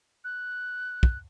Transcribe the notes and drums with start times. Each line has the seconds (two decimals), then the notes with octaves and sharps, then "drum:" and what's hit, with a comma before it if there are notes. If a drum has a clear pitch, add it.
0.24 F#6
1.03 drum: kick